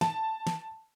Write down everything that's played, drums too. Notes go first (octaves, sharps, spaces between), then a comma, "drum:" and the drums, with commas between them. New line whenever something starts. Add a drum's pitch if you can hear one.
A5, drum: snare
drum: snare